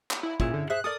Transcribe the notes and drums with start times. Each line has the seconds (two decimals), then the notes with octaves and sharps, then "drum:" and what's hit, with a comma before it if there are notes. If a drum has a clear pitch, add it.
0.11 drum: clap
0.23 E4
0.40 A#2 C#4 E4 G#4, drum: kick
0.54 D3
0.70 G#4 C5 E5 F#6
0.84 A4 A#4 D5 D#6